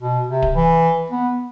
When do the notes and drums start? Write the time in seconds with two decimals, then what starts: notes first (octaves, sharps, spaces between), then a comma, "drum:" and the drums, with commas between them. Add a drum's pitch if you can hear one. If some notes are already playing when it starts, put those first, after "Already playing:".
0.01 B2
0.28 C3
0.42 drum: kick D1
0.55 E3
1.10 B3